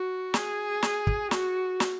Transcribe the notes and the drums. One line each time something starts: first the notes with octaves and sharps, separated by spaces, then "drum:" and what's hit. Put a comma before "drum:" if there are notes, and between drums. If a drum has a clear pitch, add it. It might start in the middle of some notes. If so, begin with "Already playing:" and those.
Already playing: F#4
G#4, drum: snare
drum: snare
drum: kick
F#4, drum: snare
drum: snare